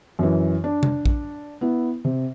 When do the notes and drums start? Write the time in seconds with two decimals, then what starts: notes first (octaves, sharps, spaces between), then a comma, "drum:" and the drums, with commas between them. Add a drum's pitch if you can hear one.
0.19 F#2 E3
0.64 D4
0.83 drum: tom C3
1.06 drum: kick
1.61 B3 E4
2.04 C3